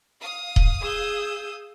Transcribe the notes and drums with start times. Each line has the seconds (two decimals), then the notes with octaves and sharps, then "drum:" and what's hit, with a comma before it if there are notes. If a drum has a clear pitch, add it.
0.20 F5 D#6
0.56 drum: kick D#1
0.80 G#4 E6 G6